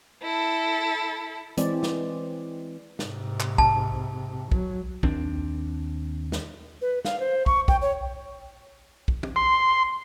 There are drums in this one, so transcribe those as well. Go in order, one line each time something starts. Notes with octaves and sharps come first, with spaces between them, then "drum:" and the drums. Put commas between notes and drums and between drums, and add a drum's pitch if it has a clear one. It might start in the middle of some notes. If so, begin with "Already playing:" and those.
E4 A4
E3 G#3 C4 D5, drum: hi-hat
drum: snare
G#2 C3, drum: snare
drum: clap
A5, drum: kick
F#3, drum: kick
D#2 C4 D4, drum: kick
drum: snare
B4
F5, drum: snare
C5
C#6, drum: kick
G5, drum: kick
C#5
drum: kick
drum: tom
C6